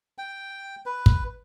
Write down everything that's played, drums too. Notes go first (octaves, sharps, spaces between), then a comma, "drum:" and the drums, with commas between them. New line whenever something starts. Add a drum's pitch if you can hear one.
G5
B4
drum: kick